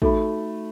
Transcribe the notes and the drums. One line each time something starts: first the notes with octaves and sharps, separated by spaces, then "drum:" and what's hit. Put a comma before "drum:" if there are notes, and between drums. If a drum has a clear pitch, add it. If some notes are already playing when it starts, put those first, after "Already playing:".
A3 D#4 F#4 A4 E5 B5, drum: kick